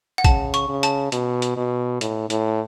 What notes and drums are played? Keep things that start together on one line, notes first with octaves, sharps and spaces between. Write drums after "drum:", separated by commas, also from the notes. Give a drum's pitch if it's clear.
F#5
C#3 A5, drum: kick, hi-hat
C#6, drum: hi-hat
C#3
A5, drum: hi-hat
B2, drum: hi-hat
drum: hi-hat
B2
A2, drum: hi-hat
A2, drum: hi-hat